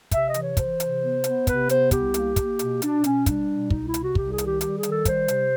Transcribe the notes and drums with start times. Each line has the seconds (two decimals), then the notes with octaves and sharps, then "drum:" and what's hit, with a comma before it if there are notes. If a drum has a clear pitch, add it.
0.11 C3 E5, drum: kick, hi-hat
0.27 D#5
0.34 E3, drum: hi-hat
0.41 C#5
0.57 E3 C5, drum: kick, hi-hat
0.80 C3, drum: hi-hat
1.02 B3
1.24 B3, drum: hi-hat
1.47 C3 B4, drum: kick, hi-hat
1.69 B3 C5, drum: hi-hat
1.91 C2 G4, drum: kick, hi-hat
2.14 A#3, drum: hi-hat
2.36 A#3, drum: kick, hi-hat
2.59 B2, drum: hi-hat
2.82 B2 D4, drum: hi-hat
3.04 B2 C#4, drum: hi-hat
3.26 G3 D4, drum: kick, hi-hat
3.49 B2
3.70 C2 D#4, drum: kick
3.86 E4
3.94 C3, drum: hi-hat
4.01 F#4
4.15 C2 G4, drum: kick
4.31 G#4
4.38 D#3, drum: hi-hat
4.46 G4
4.61 G3 G4, drum: hi-hat
4.76 G#4
4.83 D#3, drum: hi-hat
4.90 A4
5.05 G3 C5, drum: kick, hi-hat
5.28 C3, drum: hi-hat